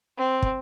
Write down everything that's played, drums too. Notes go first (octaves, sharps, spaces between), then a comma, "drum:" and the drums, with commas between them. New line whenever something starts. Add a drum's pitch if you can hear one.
C4
drum: kick